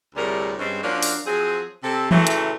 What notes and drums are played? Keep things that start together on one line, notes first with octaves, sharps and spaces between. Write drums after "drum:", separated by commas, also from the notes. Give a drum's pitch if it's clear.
D2 A2 C3 G3 G#4 A#4
G2 G3 G#3 C4 C#4 C#5
F3 F#3 A#3 C#4 D4
drum: open hi-hat
F3 F#3 C4 G#4
C3 A4
A#2 C#3 E3 F#3 A3, drum: tom E3
drum: hi-hat